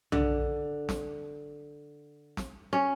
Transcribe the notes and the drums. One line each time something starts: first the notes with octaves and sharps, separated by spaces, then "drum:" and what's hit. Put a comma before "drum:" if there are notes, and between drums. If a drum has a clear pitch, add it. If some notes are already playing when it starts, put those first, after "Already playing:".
D3, drum: tom B1
drum: snare
drum: snare
C#4